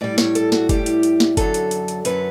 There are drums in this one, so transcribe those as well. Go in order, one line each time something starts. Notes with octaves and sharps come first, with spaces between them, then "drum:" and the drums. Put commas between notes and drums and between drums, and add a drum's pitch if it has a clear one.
A2 G3 D5
C#5, drum: snare
A4, drum: hi-hat
F#4, drum: snare
A2 G3 G4, drum: kick F#1, hi-hat
drum: hi-hat
drum: hi-hat
drum: snare
F#2 D3 F#3 A4, drum: kick F#1, hi-hat
drum: hi-hat
drum: hi-hat
drum: hi-hat
F#2 D3 F#3 B4, drum: hi-hat